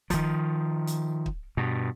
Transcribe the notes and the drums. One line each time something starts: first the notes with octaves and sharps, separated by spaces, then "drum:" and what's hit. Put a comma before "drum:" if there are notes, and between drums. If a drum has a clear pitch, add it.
D#3 F3, drum: kick, hi-hat
drum: hi-hat
drum: kick
G2 B2